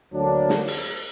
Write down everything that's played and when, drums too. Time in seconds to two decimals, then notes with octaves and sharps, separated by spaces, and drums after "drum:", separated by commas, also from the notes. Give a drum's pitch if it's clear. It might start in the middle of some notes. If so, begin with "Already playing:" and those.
0.14 D2 D3 F#3 A#3 D4
0.49 drum: snare
0.67 drum: open hi-hat